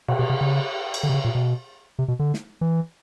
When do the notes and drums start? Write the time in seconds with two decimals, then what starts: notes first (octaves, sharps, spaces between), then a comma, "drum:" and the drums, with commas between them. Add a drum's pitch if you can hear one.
0.08 B2, drum: cymbal
0.19 B2
0.29 C3
0.41 C#3
0.94 drum: cymbal
1.03 D3
1.09 C3
1.14 C#3
1.24 A#2
1.35 B2
1.99 C3
2.08 B2
2.19 D3
2.34 drum: snare
2.61 E3